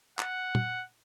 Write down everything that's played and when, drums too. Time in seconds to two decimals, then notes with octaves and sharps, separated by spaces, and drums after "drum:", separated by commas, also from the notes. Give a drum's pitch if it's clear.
0.19 F#5, drum: clap
0.55 drum: tom